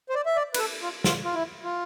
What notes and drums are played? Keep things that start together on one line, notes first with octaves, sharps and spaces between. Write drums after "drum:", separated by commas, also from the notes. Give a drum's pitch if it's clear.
C5
D5
E5
D5
B4, drum: cymbal
A4
F4
F4, drum: snare
F4
E4
F4